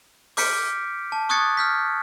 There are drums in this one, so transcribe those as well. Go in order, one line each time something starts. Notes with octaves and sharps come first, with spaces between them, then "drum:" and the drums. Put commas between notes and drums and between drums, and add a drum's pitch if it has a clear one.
D6 F6 G6 B6 C#7 D7, drum: open hi-hat
A5
C#6 D#6 F#6 G#6 A6 C#7
F6 G6 B6